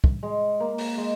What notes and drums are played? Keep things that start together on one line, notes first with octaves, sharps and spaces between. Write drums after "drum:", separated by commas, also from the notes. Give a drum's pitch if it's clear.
drum: kick
G#3
A#3
drum: open hi-hat
G#3